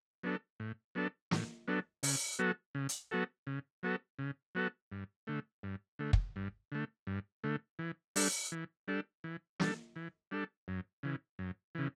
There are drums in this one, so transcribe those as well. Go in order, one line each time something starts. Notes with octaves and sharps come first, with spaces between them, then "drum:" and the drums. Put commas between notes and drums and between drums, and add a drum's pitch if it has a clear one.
F#3 B3 D4 A4
A2
F#3 B3 D4 A4
A2, drum: snare
F#3 B3 D4 A4
C#3, drum: open hi-hat
F#3 B3 F#4 A4
C#3
drum: hi-hat
F#3 B3 F#4 A4
C#3
F#3 B3 F#4 A4
C#3
F#3 B3 F#4 A4
G2
D3 A3
G2
D3 A3
drum: kick
G2
D3 A3
G2
D3 A3
E3
G3 D4 A4, drum: open hi-hat
E3
G3 D4 A4
E3
G3 D4 A4, drum: snare
E3
G3 D4 A4
F#2
C#3 E3
F#2
C#3 E3